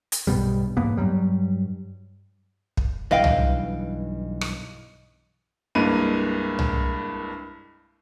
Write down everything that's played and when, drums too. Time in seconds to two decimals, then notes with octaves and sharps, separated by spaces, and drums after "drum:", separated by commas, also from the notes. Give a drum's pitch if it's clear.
0.12 drum: hi-hat
0.27 B1 G2 B2 G3
0.77 E2 G#2 A#3 B3
0.97 G2 F#3 G3
2.77 drum: kick
3.11 B1 G2 E3 D#5 F5 G5
3.24 drum: tom C2
4.41 drum: rim click
5.75 C2 G2 G#3 A#3 D#7
6.59 drum: tom C2